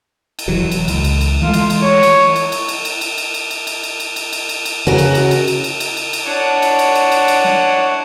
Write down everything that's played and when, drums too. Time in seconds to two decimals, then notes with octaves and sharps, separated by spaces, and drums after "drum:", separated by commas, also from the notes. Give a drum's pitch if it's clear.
0.39 drum: cymbal
0.48 E1 E3 F#3
0.71 drum: cymbal
0.88 C#2, drum: cymbal
1.04 drum: cymbal
1.21 drum: cymbal
1.42 E3 G#3 A3 F4
1.54 drum: cymbal
1.70 drum: cymbal
1.82 C#5
2.03 drum: cymbal
2.19 drum: snare
2.36 drum: cymbal
2.52 drum: cymbal
2.68 drum: cymbal
2.85 drum: cymbal
3.01 drum: cymbal
3.18 drum: cymbal
3.34 drum: cymbal
3.50 drum: cymbal
3.67 drum: cymbal
3.83 drum: cymbal
4.00 drum: cymbal
4.16 drum: cymbal
4.33 drum: cymbal
4.49 drum: cymbal
4.65 drum: cymbal
4.87 C#3 F#4 A#4
4.98 drum: cymbal
5.15 drum: cymbal
5.31 drum: cymbal
5.47 drum: cymbal
5.64 drum: cymbal
5.80 drum: cymbal
5.97 drum: cymbal
6.13 drum: cymbal
6.25 D4 C#5 F#5
6.62 drum: cymbal
6.79 drum: cymbal
6.95 drum: cymbal
7.12 drum: cymbal
7.28 drum: cymbal
7.44 drum: snare